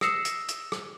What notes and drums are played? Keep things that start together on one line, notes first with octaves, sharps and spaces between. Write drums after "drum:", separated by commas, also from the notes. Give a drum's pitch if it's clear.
D#6 E6 A#6 C7 C#7 E7, drum: rim click
drum: hi-hat
drum: hi-hat
drum: rim click